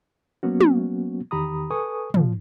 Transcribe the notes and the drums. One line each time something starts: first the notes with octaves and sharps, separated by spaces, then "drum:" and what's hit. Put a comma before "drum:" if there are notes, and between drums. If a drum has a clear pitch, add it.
F#3 A#3 B3 C#4 F#4
drum: tom
E2 D#3 G4 A#5 B5 D#6
A4 B4 G#5 C#6 D#6
A#2 F3, drum: tom